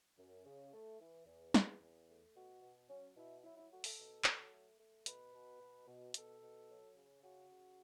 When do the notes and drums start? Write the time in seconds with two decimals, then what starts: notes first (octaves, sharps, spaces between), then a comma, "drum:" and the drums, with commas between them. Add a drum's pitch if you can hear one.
0.18 F#2
0.45 C#3
0.73 A3
0.99 E3
1.26 E2
1.54 E2, drum: snare
1.81 E2
2.08 A3
2.36 B2 F#4
2.62 B2
2.89 F#3 C#4
3.16 B2 E4
3.43 F#3 E4
3.57 E4
3.71 A3 F#4
3.84 A4, drum: open hi-hat
3.98 B2
4.24 F#3, drum: clap
4.53 A3
4.80 A3
5.06 B2 B4, drum: hi-hat
5.33 B2
5.60 B2
5.87 B2
6.14 B2 A4, drum: hi-hat
6.41 B2
6.69 F#3
6.96 C#3
7.22 C#3 F#4
7.49 C#3